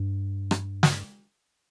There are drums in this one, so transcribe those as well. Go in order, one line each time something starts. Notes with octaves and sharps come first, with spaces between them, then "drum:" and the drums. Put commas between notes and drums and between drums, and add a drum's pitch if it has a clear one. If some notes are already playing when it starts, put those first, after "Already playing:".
Already playing: G2
drum: rim click
drum: snare